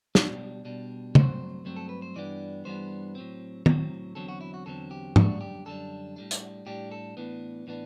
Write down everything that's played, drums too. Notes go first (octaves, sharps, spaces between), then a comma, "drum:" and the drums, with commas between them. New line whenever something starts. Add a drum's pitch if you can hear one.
B2 G3 D4, drum: snare
B2 G3 D4
G2 F#3 A3 C4 C5, drum: tom C#3
G2 F#3 A3 C4
A4
B4
C5
G2 E3 G3 B3 D4 D5
G2 E3 G3 B3 D4 C5
A2 F#3 C4
A2 F#3 C4, drum: tom
E2 D3 F#3 C4 A4
F#4
E4
F#4
E2 D3 F#3 C4 A4
G4
F#2 D3 G3 D4 F#4, drum: tom G#2
G4
F#2 D3 G3 D4 A4
A2 G3 D4
drum: hi-hat
A2 G3 D4 G4
A4
A2 E3 B3 D4
A2 E3 B3 D4